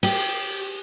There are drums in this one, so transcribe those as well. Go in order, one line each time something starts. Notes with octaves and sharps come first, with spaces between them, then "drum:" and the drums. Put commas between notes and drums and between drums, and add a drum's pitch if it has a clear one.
G4, drum: open hi-hat